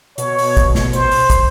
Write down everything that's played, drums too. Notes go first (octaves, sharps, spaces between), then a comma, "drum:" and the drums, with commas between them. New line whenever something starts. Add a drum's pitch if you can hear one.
B2 C#5, drum: hi-hat
drum: open hi-hat
drum: kick, hi-hat
drum: snare
C5, drum: hi-hat
drum: open hi-hat
drum: kick, hi-hat